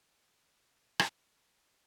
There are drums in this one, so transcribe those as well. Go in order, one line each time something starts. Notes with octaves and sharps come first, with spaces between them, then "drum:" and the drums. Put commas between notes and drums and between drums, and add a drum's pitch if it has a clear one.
G5
G#5
C4 G5 A5
B2 A#5 C6
D#4 B5 C#6
drum: rim click